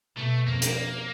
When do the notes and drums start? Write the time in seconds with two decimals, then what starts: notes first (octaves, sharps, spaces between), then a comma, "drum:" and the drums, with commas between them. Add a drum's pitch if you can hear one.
0.16 B2 A3
0.47 F2 A#3
0.62 A#3, drum: hi-hat